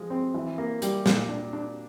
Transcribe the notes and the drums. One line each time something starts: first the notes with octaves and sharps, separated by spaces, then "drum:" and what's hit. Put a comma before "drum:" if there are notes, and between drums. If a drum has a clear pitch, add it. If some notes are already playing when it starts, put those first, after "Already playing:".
Already playing: F3 G#3
C4
E3
A#3
G3, drum: hi-hat
A#2, drum: snare
D4
D4